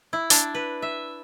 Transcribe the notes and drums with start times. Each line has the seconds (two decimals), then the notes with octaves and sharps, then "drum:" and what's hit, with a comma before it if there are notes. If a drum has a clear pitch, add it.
0.13 E4
0.30 D4, drum: hi-hat
0.55 B4
0.82 E5